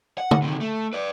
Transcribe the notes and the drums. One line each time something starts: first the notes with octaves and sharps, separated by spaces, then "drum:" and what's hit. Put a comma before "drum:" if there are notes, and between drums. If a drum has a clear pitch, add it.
F#5
drum: tom D3
C3 D#3
A3
B4 D5